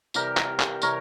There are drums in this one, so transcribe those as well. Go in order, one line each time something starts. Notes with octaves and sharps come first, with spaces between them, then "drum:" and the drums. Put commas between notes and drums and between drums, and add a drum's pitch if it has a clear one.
C3 E3 G3 G4 A#4, drum: tambourine
drum: clap
drum: clap
C3 E3 G3 A#4 C#5, drum: tambourine